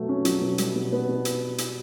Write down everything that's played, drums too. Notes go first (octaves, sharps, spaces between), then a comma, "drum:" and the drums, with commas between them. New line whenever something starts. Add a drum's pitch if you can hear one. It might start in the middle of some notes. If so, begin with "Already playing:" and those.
Already playing: B2 F#3 A3
C#4
F#3, drum: hi-hat
B2
G3, drum: hi-hat
B2
B3
B2
drum: hi-hat
drum: hi-hat